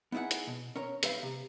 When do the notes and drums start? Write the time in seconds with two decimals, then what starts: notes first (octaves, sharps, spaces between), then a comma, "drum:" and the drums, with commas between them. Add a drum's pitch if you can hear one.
0.12 B3 D#4 E4 G#4 F#5
0.31 drum: hi-hat
0.47 B2
0.76 C#4 A#4 C#5
1.03 B1 G3 B4 E5 F5, drum: hi-hat
1.23 C3